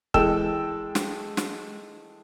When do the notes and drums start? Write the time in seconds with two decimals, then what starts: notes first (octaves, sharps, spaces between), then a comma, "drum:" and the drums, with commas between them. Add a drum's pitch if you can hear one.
0.14 E3 G#3 A4 G5 E6 E7, drum: kick
0.95 drum: snare
1.37 drum: snare